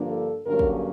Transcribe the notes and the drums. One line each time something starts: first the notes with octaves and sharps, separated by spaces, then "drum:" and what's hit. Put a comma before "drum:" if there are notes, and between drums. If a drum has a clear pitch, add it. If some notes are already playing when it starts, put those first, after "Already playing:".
Already playing: G2 D3 F3 A#3 D4
A4
G2 D3 F#3 A#3 C#4 A#4
drum: kick